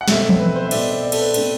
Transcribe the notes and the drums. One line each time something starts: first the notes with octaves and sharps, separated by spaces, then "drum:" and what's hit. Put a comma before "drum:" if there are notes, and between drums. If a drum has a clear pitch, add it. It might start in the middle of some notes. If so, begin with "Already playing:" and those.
F#5
B2 A3 C4 E5, drum: snare
drum: tom E3
B4
C5
E5
B2 A3 C4 D5, drum: cymbal
D5
D5
A4, drum: cymbal
B4
B2 A3 C4, drum: cymbal